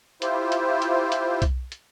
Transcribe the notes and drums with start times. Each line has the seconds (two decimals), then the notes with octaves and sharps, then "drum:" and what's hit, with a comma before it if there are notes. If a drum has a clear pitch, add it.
0.22 E4 F4 G4 C5, drum: hi-hat
0.52 drum: hi-hat
0.82 drum: hi-hat
1.12 drum: hi-hat
1.42 drum: kick B1, hi-hat
1.72 drum: hi-hat